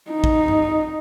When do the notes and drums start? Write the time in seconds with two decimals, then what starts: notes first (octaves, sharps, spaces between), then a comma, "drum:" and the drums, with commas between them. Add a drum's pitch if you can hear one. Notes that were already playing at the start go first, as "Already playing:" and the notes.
0.11 D#4
0.24 drum: kick
0.48 drum: tom G2